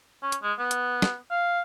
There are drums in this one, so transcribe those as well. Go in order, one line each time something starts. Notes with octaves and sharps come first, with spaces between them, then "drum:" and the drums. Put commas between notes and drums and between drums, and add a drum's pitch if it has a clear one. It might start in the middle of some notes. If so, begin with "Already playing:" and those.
C#4
drum: hi-hat
G#3
B3
drum: hi-hat
drum: snare
F5